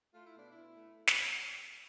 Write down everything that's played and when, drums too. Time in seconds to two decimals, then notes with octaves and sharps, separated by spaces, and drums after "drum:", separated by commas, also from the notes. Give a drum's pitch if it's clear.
0.13 A3 F4
0.26 E4
0.35 B2 D4
0.51 B2 E4
0.76 A3
1.07 drum: snare